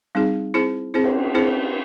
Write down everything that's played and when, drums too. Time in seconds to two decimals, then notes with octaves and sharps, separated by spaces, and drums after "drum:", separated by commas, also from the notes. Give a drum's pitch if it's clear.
0.15 G3 C4 D#4 G#4
0.54 C4 E4 G#4 C5
0.94 C4 E4 G#4 C5
1.04 drum: cymbal
1.34 C4 E4 G#4 C5